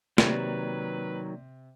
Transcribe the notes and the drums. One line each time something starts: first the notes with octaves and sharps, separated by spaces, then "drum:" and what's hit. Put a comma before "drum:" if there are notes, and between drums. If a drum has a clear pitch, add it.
C3 D#3 F#3 A#3 B4 D5 A6, drum: snare